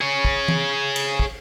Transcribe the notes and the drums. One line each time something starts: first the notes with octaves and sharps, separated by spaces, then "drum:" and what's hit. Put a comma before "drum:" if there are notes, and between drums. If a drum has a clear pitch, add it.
G#4 C#5
drum: kick
drum: tom E3
drum: cymbal
drum: kick